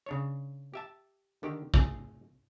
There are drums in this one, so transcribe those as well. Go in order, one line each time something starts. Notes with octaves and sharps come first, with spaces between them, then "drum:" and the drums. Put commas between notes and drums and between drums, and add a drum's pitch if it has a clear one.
C#3 D4 C#5
G4 E5 A5
D3 D#3 G4
A3 G#4, drum: kick